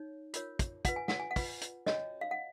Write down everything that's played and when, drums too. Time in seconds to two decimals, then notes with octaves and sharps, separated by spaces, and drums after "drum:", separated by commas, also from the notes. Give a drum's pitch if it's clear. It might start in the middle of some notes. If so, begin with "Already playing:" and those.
Already playing: D#4 C#5
0.34 F4 A#4 C#5, drum: hi-hat
0.59 drum: kick, hi-hat
0.85 F4 B4 F#5, drum: kick, hi-hat
0.96 G#5
1.08 F#5, drum: snare
1.20 G#5
1.31 F#5
1.36 F4 B4, drum: kick, open hi-hat
1.61 drum: hi-hat
1.86 C#4 F#4 C#5 D#5, drum: snare
2.21 F5
2.31 F#5